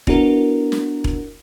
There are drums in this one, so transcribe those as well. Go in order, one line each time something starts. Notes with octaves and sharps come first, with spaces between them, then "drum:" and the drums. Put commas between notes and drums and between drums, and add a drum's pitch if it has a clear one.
B3 D4 E4 F#4 A#4, drum: kick E1
drum: snare
drum: kick E1